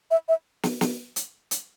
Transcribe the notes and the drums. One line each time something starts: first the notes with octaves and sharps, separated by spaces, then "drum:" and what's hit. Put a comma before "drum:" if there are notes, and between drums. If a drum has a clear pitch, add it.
E5
E5
drum: snare
drum: snare
drum: hi-hat
drum: hi-hat